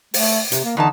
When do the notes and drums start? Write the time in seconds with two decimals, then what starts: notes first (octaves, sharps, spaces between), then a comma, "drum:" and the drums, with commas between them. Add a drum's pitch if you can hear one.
0.14 A3, drum: open hi-hat
0.52 C3, drum: hi-hat
0.64 A#3
0.77 E2 D3 D#4 A5